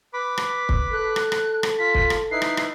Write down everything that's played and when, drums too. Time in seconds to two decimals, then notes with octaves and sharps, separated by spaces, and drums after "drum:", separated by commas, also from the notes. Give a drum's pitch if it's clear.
0.14 B4 B5 D6
0.38 drum: rim click
0.69 drum: kick
0.92 A4 F#6
1.16 drum: rim click
1.32 drum: rim click
1.63 drum: rim click
1.79 F4 B6
1.94 drum: kick
2.10 drum: rim click
2.31 D#4 E4 B4 C7
2.42 drum: rim click
2.57 drum: rim click